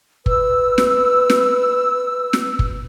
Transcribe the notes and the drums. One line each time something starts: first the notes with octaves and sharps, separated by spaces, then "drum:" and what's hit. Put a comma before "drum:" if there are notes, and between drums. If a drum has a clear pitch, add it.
B4 E6, drum: kick
drum: snare
drum: snare
drum: snare
drum: kick